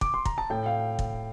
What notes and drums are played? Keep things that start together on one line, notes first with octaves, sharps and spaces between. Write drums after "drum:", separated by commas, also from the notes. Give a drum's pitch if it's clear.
D6, drum: kick
C6
A#5, drum: kick
A5
A2 G5
F5
drum: kick